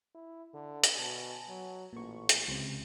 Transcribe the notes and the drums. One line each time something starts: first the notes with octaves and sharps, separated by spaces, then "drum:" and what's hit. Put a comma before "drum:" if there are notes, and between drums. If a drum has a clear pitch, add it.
E4
D3
drum: hi-hat
B2 G#5 A5
F#3
A1 A#2 C#6
drum: hi-hat
C#2 C3